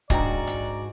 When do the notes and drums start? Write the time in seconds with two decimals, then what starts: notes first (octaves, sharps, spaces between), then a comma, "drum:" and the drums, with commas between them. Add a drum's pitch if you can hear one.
0.10 G#2 D4 F#4 D5 G5 A#5, drum: kick, hi-hat
0.47 drum: hi-hat